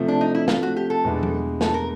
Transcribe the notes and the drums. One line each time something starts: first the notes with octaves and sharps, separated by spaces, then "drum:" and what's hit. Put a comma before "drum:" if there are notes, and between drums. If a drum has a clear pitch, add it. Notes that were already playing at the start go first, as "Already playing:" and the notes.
Already playing: C3 F3 A3
D4
D#4
E4
F4, drum: snare
F#4
G4
A4
E2 B2 G#3 B3 D4
drum: tom F3
A4, drum: snare
A#4